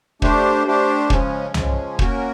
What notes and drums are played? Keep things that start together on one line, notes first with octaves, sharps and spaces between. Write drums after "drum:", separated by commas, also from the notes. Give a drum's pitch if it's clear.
A3 D4 G4 C5, drum: kick
A3 D4 G4 C5
C#3 F3 G#3 C#4, drum: kick
C#3 F3 G#3 C#4, drum: tom C2
A#3 C#4 F#4 A#4, drum: kick